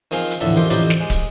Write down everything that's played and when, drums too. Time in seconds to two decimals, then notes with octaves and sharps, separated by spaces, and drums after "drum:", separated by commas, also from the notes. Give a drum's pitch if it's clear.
0.11 D#3 F3 C4 G#4 F5
0.31 drum: hi-hat
0.41 A#1 E2 A2 D3 A4 E5
0.56 F2 D#3 G4 C6 D6
0.70 A1 F2 D#4 G4 C5 D5, drum: hi-hat
0.90 drum: snare
1.00 G#3
1.10 drum: kick, hi-hat